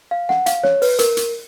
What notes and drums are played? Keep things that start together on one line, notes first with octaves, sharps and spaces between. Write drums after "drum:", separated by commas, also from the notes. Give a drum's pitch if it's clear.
F5
F#5, drum: snare
F5, drum: hi-hat
C#5, drum: snare
B4, drum: open hi-hat
A#4, drum: hi-hat
drum: hi-hat